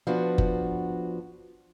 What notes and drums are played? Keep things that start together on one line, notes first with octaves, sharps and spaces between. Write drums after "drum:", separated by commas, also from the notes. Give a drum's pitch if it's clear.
F3 B3 D4 F#4
drum: kick F#1